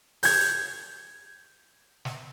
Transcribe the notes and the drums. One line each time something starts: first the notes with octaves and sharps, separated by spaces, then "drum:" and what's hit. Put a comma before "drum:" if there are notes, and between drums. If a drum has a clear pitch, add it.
G6 G#6, drum: open hi-hat
drum: snare